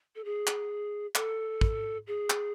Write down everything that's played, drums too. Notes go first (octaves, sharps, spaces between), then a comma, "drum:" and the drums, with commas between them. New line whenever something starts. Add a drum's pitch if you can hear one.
A4
G#4
drum: clap
A4, drum: clap
drum: kick
G#4
drum: clap